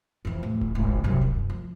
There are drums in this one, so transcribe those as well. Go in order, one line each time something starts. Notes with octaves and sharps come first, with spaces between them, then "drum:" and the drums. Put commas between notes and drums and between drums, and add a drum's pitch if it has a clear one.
F2 E3
D1
drum: kick D#1
G#1 C#2
C2 F#2, drum: kick D#1
F#2
F3